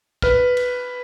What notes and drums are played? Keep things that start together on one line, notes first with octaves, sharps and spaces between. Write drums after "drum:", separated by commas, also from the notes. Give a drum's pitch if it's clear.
B4 F6, drum: kick
drum: cymbal